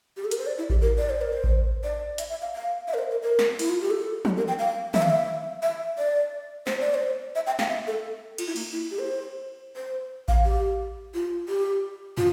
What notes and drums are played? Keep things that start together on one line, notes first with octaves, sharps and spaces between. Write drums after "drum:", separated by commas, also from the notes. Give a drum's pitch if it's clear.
G4
A4
A#4, drum: hi-hat
C5
D5
E4
G4, drum: kick A1
A#4
D5
C5
A#4
C5
drum: kick A1
D5
E5, drum: hi-hat
E5
F5
F5
E5
A#4
C5
A#4
A#4
drum: snare
E4, drum: open hi-hat
F4
G4
A4
G4, drum: tom
A#4
G5
F5
E5, drum: tom
F5
E5
E5
D5
C5, drum: snare
D5
C5
E5
G5
F5, drum: snare
E5
A4
F4, drum: cymbal
E4
A#3, drum: cymbal
E4
G4
C5
C5
F5, drum: kick A1
G4
F4
G4
F4, drum: tom